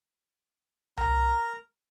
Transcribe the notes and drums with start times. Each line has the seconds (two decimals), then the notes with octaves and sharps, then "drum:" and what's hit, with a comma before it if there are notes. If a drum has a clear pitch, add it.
0.97 A#4 A#5, drum: tom C2